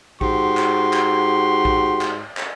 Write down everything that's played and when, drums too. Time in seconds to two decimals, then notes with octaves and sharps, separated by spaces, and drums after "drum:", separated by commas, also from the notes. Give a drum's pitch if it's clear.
0.21 G#2 F#4 G4 C6, drum: kick A#1
0.57 drum: clap
0.93 drum: clap
1.65 drum: kick A#1
2.01 drum: clap
2.37 drum: clap